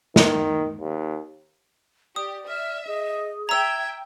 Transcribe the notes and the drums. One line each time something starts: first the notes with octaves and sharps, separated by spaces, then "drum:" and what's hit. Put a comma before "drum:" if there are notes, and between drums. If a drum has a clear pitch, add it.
D#3, drum: snare
D#2
G4 D5 D#6
E5 F6
G#4 D#5
E5 G5 A#5 E6 G#6